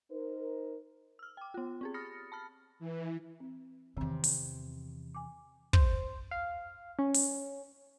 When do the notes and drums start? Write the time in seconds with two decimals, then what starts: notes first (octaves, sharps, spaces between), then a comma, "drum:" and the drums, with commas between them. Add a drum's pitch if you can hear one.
0.11 D#4 A#4 C5
1.19 E6 F6
1.37 G5 D6
1.54 B3 F4
1.81 C4 G4 G#4
1.94 B5 D#6 F6 A6 A#6 C#7
2.32 A5 B5 F6
2.79 E3
3.40 C4
3.97 E2 C3 D#3 C4
4.24 drum: open hi-hat
5.15 G#5 D6
5.73 C5, drum: kick
6.31 F5
6.99 C#4
7.14 drum: open hi-hat